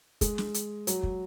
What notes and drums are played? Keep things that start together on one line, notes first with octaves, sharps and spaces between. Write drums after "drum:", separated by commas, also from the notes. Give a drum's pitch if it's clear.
G#3, drum: kick, hi-hat
drum: snare
drum: hi-hat
F#3, drum: hi-hat
drum: kick